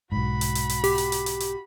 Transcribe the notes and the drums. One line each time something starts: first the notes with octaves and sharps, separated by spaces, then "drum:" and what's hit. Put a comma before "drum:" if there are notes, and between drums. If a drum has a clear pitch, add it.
B1 G#2 F#4 B5
drum: hi-hat
drum: hi-hat
drum: hi-hat
G4, drum: open hi-hat
drum: hi-hat
drum: hi-hat
drum: hi-hat
drum: hi-hat